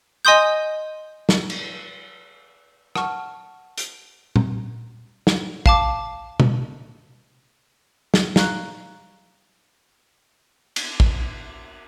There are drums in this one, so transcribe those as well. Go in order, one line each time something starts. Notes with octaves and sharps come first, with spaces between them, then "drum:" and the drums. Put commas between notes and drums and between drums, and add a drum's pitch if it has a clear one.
D#5 G#5 C6 D#6 G6
drum: snare
drum: cymbal
F#5 A5 C#6 F6, drum: rim click
drum: hi-hat
drum: tom
drum: snare
F5 A5 D6, drum: kick
drum: tom
drum: snare
F5 A#5 C#6 F#6, drum: snare
drum: cymbal
drum: kick